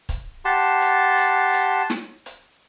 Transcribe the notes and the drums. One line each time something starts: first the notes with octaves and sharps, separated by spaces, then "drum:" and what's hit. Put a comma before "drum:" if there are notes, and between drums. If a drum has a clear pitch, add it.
drum: kick C#1, hi-hat
G4 F#5 A5 C6
drum: hi-hat
drum: hi-hat
drum: hi-hat
drum: snare
drum: hi-hat